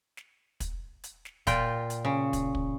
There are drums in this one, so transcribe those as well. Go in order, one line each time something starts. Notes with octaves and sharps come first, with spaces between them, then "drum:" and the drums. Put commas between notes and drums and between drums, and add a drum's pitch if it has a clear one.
drum: snare
drum: kick, hi-hat
drum: hi-hat
drum: snare
A#2 F4 G5, drum: kick, hi-hat
drum: hi-hat
C#3
drum: kick, hi-hat
drum: kick